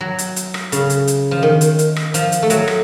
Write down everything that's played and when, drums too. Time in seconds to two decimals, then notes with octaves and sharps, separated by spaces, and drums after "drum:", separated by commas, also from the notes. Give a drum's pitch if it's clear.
0.01 F#3
0.18 drum: hi-hat
0.36 drum: hi-hat
0.54 drum: rim click
0.72 C#3, drum: hi-hat
0.90 drum: hi-hat
1.07 drum: hi-hat
1.31 F3
1.43 D#3
1.61 drum: hi-hat
1.79 drum: hi-hat
1.96 drum: rim click
2.14 F3, drum: hi-hat
2.32 drum: hi-hat
2.42 A3
2.50 F#3, drum: hi-hat
2.68 drum: rim click